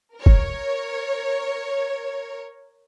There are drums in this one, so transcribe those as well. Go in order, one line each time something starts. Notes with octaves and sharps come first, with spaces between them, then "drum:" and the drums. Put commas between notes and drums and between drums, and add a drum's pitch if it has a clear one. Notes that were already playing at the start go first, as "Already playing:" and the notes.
A#4 C#5
drum: kick